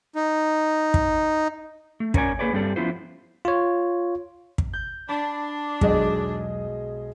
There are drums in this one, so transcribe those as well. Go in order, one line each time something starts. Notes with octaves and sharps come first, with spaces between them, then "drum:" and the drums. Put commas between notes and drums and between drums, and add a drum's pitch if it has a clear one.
D#4
drum: kick
A3
C#4 A#4 C#5 D5 G#5, drum: kick
A#3 G#4 B4 C#5 D5
G2 G3 C4 A4 D5
F3 B3 C#4 E4 F4 C5
F4 C#5
drum: kick
G6
D4 A5 B5
B1 E2 F#3 G#3 G#4 D#5, drum: kick